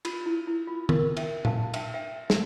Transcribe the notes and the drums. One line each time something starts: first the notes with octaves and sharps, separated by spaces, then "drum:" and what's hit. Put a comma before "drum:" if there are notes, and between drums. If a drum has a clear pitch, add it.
F4, drum: cymbal
E4
E4
F4
A#4, drum: tom D#3
E5 G5, drum: cymbal
F5 A5, drum: tom A#2
A5
E5 G5, drum: cymbal
E5 G5
drum: snare